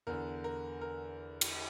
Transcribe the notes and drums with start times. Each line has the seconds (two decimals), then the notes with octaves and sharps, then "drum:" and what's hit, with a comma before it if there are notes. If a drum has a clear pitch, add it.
0.07 E2 D3 A#4
0.44 A#4
0.81 A#4
1.41 drum: cymbal